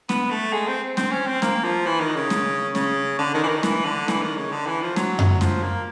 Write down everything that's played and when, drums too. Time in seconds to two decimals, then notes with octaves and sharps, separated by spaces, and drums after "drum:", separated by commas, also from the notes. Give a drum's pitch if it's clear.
0.09 B3, drum: snare
0.30 A3
0.53 G#3
0.68 C4
0.97 C4, drum: snare
1.12 C#4
1.27 C4
1.42 A#3, drum: snare
1.64 F3
1.86 E3
2.00 D#3
2.16 C#3
2.30 drum: snare
2.75 C#3, drum: snare
3.19 D3
3.34 D#3
3.44 E3
3.49 D#3
3.63 E3, drum: snare
3.85 D3
4.08 E3, drum: snare
4.22 D#3
4.37 C#3
4.52 D3
4.67 E3
4.82 F3
4.96 F#3, drum: snare
5.19 drum: tom F#2
5.41 F3, drum: snare
5.63 A#3